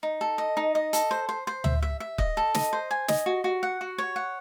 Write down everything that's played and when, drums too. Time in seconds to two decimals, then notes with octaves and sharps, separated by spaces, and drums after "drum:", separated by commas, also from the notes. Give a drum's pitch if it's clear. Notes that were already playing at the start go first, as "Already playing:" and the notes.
0.03 D#4
0.21 A4
0.38 D#5
0.57 D#4
0.75 D#5
0.93 A4, drum: hi-hat
1.11 C5
1.29 C5
1.47 C5
1.64 E5, drum: tom D2
1.82 E5
2.00 E5
2.18 D#5, drum: kick
2.37 A4
2.54 D#5, drum: snare
2.73 C5
2.91 G#5
3.08 D#5, drum: snare
3.26 F#4
3.44 F#4
3.63 F#5
3.81 F#4
3.98 C#5
4.16 F#5